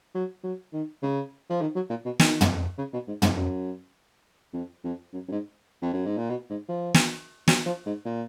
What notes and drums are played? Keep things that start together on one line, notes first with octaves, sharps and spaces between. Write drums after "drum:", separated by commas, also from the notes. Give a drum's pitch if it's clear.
F#3
F#3
D#3
C#3
F3
D#3
F#3
A#2
B2
D#3, drum: snare
drum: tom
C#3
B2
G#2
G#2, drum: tom
F#2
F2
F2
F#2
F#2
G#2
F2
F#2
G#2
A#2
B2
G#2
F3
drum: snare
F#3, drum: snare
F3
G#2
A#2